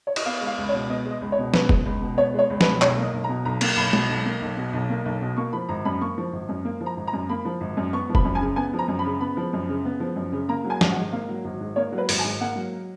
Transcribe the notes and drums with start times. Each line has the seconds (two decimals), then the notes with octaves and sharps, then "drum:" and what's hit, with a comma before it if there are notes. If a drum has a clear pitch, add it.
0.07 C#5
0.16 D#5, drum: cymbal
0.26 B3 F5
0.41 G#3
0.47 F5
0.58 C#2
0.69 C#5
0.74 B2
0.89 B3 D#5
1.05 G#3
1.10 D#5
1.21 C#2
1.32 C#5
1.38 B2
1.54 B3 B4, drum: snare
1.69 G#3, drum: kick
1.86 C#2
2.02 B2
2.17 B3 C#5
2.34 G#3 C#5
2.50 C#2
2.61 B4, drum: snare
2.65 B2
2.82 B1 C#5, drum: clap
2.97 A#3
3.03 D#5
3.13 B1
3.24 A#5
3.29 B2
3.45 B1 A#5
3.61 A#3, drum: cymbal
3.77 B1 B5
3.93 B2, drum: tom G#3
4.09 B1
4.26 A#3
4.41 B1
4.57 B2
4.73 B1
4.90 A#3
5.05 B1
5.21 B2
5.37 A#3 C#6
5.53 F3 B5
5.69 G#1 A#5
5.85 F#2 B5
6.01 A#3 C#6
6.18 F3
6.33 G#1
6.49 F#2
6.65 A#3
6.81 F3
6.86 A#5
6.97 G#1
7.07 A#5
7.13 F#2
7.29 A#3 B5
7.45 F3
7.61 G#1
7.77 F#2
7.93 B3 C#6
8.09 F3
8.15 B5, drum: kick
8.25 F#2
8.35 G#5
8.41 C#3
8.56 B3 G#5
8.73 F3
8.79 A#5
8.88 F#2
8.99 B5
9.05 C#3
9.20 B3 B5
9.37 F3
9.53 F#2
9.69 C#3
9.85 B3
10.00 F3
10.16 F#2
10.32 C#3
10.49 A#3 A#5
10.64 F#3
10.70 G#5
10.81 G#1, drum: snare
10.91 F#5
10.96 G#2
11.12 A#3 F5
11.29 F#3
11.44 G#1
11.60 G#2
11.76 A#3 C#5
11.92 F#3
11.98 B4
12.09 G#1, drum: open hi-hat
12.19 G#5
12.24 G#2
12.41 A#3 F#5
12.56 F#3